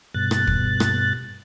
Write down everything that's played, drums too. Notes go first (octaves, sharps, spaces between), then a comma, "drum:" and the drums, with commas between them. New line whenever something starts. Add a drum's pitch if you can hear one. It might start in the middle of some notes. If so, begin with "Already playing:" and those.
G2 B2 F#6 A6
drum: rim click
drum: kick
drum: rim click